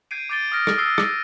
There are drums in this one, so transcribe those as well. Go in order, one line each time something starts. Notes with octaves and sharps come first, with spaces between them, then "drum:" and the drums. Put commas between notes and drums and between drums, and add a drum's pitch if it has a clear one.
G6 G#6 C7 D7 D#7
D6 G6 A6 D7 G7
D#6 F6 A#6 D7
drum: rim click
D#6 E6 F#6 C7 G7
drum: rim click